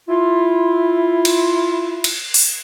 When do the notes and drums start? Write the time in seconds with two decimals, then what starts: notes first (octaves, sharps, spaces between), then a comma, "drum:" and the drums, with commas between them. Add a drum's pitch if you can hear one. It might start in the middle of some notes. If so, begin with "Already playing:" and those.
0.08 E4 F4
1.25 drum: cymbal
2.04 drum: cymbal
2.34 drum: open hi-hat